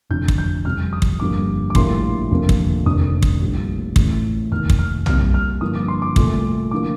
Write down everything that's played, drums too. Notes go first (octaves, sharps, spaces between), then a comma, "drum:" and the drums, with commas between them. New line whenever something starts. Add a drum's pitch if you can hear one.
F1 F2 D3 G6
drum: kick
G6
F2 C3 G3 F6
D#6
drum: kick
G1 F2 D3 G3 A#3 D6
D6
A#1 A2 G3 A#3 C6, drum: kick
F1 F2 D3 G3 A#3
drum: kick
F1 D#2 D3 D#6
drum: kick
A#1 A2 G3
A1 A2 A3, drum: kick
F1 D#2 D#3 F6
drum: kick
F6
C2 C3 G3 A#3 F6, drum: tom B1
F6
G2 D3 F3 A#3 D#6
D6
C6
D6
C2 A#2 A3, drum: kick
D3 F3 A#3 D6